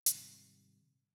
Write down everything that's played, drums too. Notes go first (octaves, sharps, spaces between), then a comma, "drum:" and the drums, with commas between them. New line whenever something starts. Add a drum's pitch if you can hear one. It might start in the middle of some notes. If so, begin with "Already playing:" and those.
G#2 C3 D#3 G3, drum: hi-hat